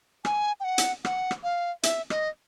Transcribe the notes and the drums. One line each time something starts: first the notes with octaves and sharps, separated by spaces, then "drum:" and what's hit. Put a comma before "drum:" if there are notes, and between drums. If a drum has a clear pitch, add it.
G#5, drum: rim click
G5
F#5
drum: hi-hat
F#5, drum: rim click
drum: rim click
F5
E5, drum: hi-hat
D#5, drum: rim click